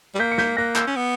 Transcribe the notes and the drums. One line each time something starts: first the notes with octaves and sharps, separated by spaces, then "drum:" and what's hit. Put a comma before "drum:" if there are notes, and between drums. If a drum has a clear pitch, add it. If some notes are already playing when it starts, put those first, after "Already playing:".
G3
A#3 G6 B6
C#7
G6 B6, drum: snare
A#3 F#6 A#6
E6 G6, drum: clap
C#4
B3